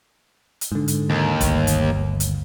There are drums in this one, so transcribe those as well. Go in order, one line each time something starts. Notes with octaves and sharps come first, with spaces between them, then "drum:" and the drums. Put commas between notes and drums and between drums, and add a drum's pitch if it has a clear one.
drum: hi-hat
G#2 D3
drum: hi-hat
D#2
G1 D2, drum: kick, hi-hat
drum: hi-hat
drum: hi-hat